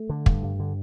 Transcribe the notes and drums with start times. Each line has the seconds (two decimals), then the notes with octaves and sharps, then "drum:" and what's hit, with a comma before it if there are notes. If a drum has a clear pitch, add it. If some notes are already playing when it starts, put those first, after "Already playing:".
Already playing: A3
0.09 D3
0.26 G2, drum: kick
0.43 G2
0.60 D3